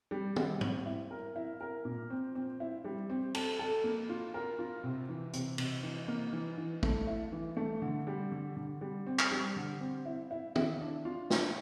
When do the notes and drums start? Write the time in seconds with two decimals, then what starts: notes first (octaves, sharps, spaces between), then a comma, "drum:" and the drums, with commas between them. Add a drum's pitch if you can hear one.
0.11 G3
0.36 G3, drum: tom
0.61 C4, drum: tom G#2
0.86 E4
1.11 A#4
1.36 E4
1.61 A#4
1.85 A#2
2.10 C4
2.35 C4
2.60 E4
2.84 G3
3.10 C4
3.34 A4, drum: cymbal
3.59 A4
3.84 A#3
4.09 F4
4.34 A#4
4.59 F4
4.84 C3
5.09 E3
5.33 C3, drum: hi-hat
5.58 C3, drum: cymbal
5.83 E3
6.08 A#3
6.33 E3
6.58 E3
6.83 A3, drum: kick
7.07 E4
7.32 E3
7.57 A3
7.82 D3
8.07 G3
8.32 D3
8.57 D3
8.81 G3
9.07 C4
9.19 drum: clap
9.31 G3
9.56 D3
9.81 C4
10.06 E4
10.31 E4
10.56 E4, drum: tom
10.81 D4
11.05 F4
11.30 D4, drum: snare